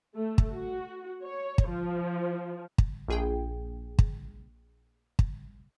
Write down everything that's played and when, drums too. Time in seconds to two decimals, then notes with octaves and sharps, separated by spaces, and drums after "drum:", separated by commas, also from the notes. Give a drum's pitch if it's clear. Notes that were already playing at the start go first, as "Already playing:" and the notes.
0.15 A3
0.38 drum: kick
0.52 F#4
1.23 C#5
1.58 drum: kick
1.69 F3
2.78 drum: kick
3.08 A#1 G#4 G5
3.99 drum: kick
5.19 drum: kick